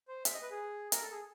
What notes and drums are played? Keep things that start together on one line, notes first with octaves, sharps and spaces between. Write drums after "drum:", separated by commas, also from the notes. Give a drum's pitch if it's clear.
C5
E5, drum: hi-hat
D#5
B4
G#4
A#4, drum: hi-hat
A4
G#4